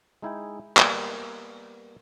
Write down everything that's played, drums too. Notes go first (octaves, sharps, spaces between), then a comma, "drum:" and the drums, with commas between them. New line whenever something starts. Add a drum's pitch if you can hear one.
G#3 D#4 E4 G#4 G5 G#5
G3 A#3 B3 A#4 D5 D#5, drum: clap